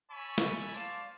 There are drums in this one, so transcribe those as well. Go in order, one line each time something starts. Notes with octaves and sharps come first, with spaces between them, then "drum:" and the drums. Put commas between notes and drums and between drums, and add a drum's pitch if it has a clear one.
C#5 E5 G#5 A5 B5 C#6
drum: snare
C5 D5 F5 A5, drum: tambourine